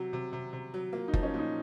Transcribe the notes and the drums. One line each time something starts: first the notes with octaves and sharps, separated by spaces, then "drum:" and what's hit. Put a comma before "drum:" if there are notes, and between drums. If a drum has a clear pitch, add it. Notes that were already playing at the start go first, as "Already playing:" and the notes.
Already playing: C3 F#3 F#4
C3
C3
C3
F#3
A#3 F4
D#4
F3, drum: kick F#1
C#4
A#2 D#4